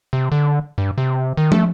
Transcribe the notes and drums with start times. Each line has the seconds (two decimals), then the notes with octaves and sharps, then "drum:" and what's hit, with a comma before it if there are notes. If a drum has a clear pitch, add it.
0.13 C3
0.32 D3
0.78 G2
0.98 C3
1.37 D#3
1.52 A3, drum: tom